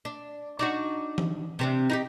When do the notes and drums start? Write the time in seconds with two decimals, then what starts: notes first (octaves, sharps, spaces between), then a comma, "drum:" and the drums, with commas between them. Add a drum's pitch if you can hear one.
0.05 D4
0.59 D4 D#4 F#4
1.18 drum: tom E3
1.59 C3 C4 D4
1.90 D#4 E4 G4